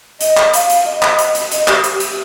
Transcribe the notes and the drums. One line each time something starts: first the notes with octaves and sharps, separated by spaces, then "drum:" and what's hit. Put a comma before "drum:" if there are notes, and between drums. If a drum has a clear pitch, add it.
D#5, drum: hi-hat
drum: clap
F5, drum: hi-hat
drum: hi-hat
D#5
drum: clap
drum: hi-hat
drum: hi-hat
D#5, drum: hi-hat
G4, drum: clap
G4, drum: hi-hat
drum: hi-hat